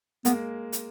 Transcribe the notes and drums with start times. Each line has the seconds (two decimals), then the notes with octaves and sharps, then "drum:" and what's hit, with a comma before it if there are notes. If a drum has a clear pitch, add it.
0.25 G#3 A#3 B3, drum: hi-hat
0.73 drum: hi-hat